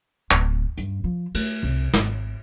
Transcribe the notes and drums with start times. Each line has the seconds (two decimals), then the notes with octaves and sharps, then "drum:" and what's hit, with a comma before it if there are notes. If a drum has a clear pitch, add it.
0.31 D1, drum: clap
0.77 G2, drum: hi-hat
1.04 F3
1.35 A3, drum: cymbal
1.63 C2
1.94 G#1, drum: snare